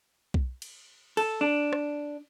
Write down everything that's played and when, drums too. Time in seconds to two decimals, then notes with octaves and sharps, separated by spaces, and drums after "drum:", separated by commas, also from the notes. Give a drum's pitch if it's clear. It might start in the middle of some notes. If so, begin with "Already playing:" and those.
0.34 drum: kick B1
0.62 drum: cymbal
1.17 A4, drum: cymbal
1.41 D4
1.73 drum: rim click